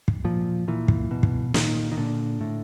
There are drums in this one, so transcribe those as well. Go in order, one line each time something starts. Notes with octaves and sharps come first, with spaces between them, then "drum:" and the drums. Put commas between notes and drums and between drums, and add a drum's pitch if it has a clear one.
drum: kick
A#2 F3
A#2 E3
drum: kick
B2
drum: kick
A#2 D#3, drum: snare
D#3
A#2 D3
A2